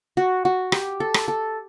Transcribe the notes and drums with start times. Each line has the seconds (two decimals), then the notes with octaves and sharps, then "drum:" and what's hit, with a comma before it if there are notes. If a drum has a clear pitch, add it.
0.17 F#4
0.45 F#4
0.72 G4, drum: rim click
1.00 A4
1.14 drum: rim click
1.28 A4